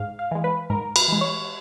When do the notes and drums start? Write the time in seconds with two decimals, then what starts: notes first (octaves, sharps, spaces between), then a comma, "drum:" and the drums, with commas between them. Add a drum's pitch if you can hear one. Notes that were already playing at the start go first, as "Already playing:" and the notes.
Already playing: G#2 F5
0.19 F5
0.31 E3 G#3
0.44 B4
0.70 G#2 A#4
0.96 B4, drum: cymbal
1.08 E3 G#3
1.21 C#5